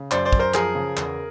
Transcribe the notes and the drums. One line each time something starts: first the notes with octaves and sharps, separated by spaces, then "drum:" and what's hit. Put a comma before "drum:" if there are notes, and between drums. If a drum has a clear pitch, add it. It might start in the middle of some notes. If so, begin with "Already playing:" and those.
Already playing: C#3
F#2 C5 D5, drum: clap
C5 D5
F#2, drum: kick
A#4 C5
F3 G#4 A#4, drum: clap
C#3
E2, drum: clap